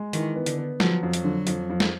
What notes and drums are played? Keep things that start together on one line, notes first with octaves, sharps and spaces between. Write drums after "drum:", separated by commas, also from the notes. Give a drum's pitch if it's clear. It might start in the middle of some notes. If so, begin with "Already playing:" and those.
Already playing: G#3
D#3 E3, drum: hi-hat
B3
D3, drum: hi-hat
B3
F3 F#3, drum: snare
F2
F#3, drum: hi-hat
D3
F2, drum: hi-hat
F2
drum: snare